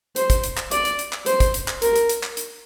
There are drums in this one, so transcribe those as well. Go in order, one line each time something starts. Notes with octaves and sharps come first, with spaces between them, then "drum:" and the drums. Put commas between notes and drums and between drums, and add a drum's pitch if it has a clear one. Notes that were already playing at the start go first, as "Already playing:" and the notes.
C5, drum: hi-hat
drum: kick, hi-hat
drum: hi-hat
drum: clap
D5, drum: hi-hat
drum: hi-hat
drum: hi-hat
drum: clap
C5, drum: hi-hat
drum: kick, hi-hat
drum: hi-hat
drum: clap
A#4, drum: hi-hat
drum: hi-hat
drum: hi-hat
drum: clap
drum: hi-hat